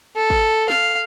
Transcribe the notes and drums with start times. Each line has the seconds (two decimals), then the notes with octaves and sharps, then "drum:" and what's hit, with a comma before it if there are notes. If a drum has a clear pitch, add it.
0.16 A4
0.30 drum: kick
0.69 F5, drum: snare